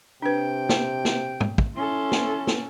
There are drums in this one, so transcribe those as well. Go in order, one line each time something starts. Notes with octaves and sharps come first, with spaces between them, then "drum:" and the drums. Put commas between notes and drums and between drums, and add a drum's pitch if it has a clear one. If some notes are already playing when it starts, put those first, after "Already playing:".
C3 D4 B4 G5
drum: snare
drum: snare
drum: tom
drum: kick
C#4 E4 A4 C6
drum: snare
drum: snare